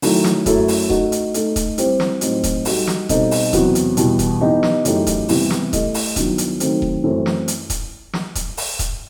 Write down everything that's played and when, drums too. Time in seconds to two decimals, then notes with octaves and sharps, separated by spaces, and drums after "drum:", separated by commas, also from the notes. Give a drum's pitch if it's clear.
0.02 D#3 F#3 A3 E4, drum: open hi-hat
0.24 drum: snare
0.46 F#2 F#3 A3 E4 A4, drum: kick D#1, hi-hat
0.68 drum: open hi-hat
0.90 A3 D#4 F#4, drum: kick D#1
1.12 drum: hi-hat
1.34 A3 D#4 A4, drum: hi-hat
1.56 drum: kick D#1, hi-hat
1.78 G3 C4 E4 G4 C5, drum: hi-hat
2.00 drum: snare
2.21 A2 F#3 C4 D#4 F#4, drum: hi-hat
2.44 drum: kick D#1, hi-hat
2.65 G3 D#4 F#4 A4, drum: open hi-hat
2.87 drum: snare
3.09 B2 G3 C4 D#4 A4, drum: kick D#1, hi-hat
3.31 drum: open hi-hat
3.53 E2 C3 F#3 B3 F#4, drum: kick D#1, hi-hat
3.75 drum: hi-hat
3.97 E2 B2 G3 B3, drum: hi-hat
4.19 drum: kick D#1, hi-hat
4.40 E3 B3 D#4 G4
4.63 drum: snare
4.85 F#2 E3 A3 D#4 G4, drum: hi-hat
5.07 drum: kick D#1, hi-hat
5.29 C3 E3 G3 B3 E4, drum: open hi-hat
5.50 drum: snare
5.73 A3 E4 G4 D#5, drum: kick D#1, hi-hat
5.94 drum: open hi-hat
6.16 G2 D#3 F#3 B3 E4, drum: kick D#1, hi-hat
6.38 drum: hi-hat
6.60 D#3 F#3 A3 C4, drum: hi-hat
6.82 drum: kick D#1
7.04 F#2 E3 A3 C4
7.26 drum: snare
7.48 drum: hi-hat
7.70 drum: kick D#1, hi-hat
8.13 drum: snare
8.35 drum: kick D#1, hi-hat
8.57 drum: open hi-hat
8.79 drum: kick D#1, hi-hat